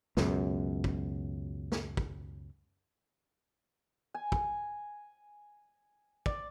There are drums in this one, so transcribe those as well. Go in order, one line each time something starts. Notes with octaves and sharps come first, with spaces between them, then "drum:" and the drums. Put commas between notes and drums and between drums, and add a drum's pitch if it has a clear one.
C#2 F#2 B2, drum: snare
drum: kick
drum: snare
drum: kick
G#5
drum: kick
D5, drum: kick